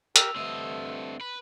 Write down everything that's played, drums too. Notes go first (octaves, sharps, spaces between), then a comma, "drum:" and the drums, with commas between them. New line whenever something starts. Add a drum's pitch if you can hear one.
G4 A#4 E6 F7, drum: hi-hat
G2 D3 A3 C4 D#5
B4 B5